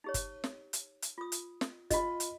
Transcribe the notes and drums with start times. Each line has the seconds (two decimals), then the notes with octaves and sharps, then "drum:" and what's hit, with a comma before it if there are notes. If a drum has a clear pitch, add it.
0.04 D#4 G4 C#5
0.14 drum: kick, hi-hat
0.44 drum: snare
0.73 drum: hi-hat
1.02 drum: hi-hat
1.18 F4 D#6
1.32 drum: hi-hat
1.61 drum: snare
1.90 F4 D#5 B5, drum: kick, hi-hat
2.20 drum: hi-hat